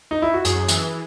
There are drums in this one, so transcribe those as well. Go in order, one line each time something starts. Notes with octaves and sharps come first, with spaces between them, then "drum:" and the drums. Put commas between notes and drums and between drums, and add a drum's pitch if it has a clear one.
D#4
E4
F#4
F#2 G#4, drum: hi-hat
E3, drum: hi-hat